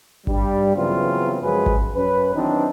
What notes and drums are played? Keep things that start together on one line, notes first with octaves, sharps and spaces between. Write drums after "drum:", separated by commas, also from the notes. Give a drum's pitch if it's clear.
G2 G3, drum: kick G#1
C#3 E3 F#3 B3 C4 F4
F#2 F3 G#3 C#4 G#4 B4
drum: kick G#1
F#2 C#4 B4
D#3 E3 F#3 C4 D4 D#4